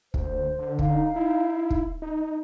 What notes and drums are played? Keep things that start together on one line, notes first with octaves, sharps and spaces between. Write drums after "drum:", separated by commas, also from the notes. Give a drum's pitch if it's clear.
D2 C5, drum: kick
D3
D3 D#4 F5, drum: kick
E4
drum: kick
D#4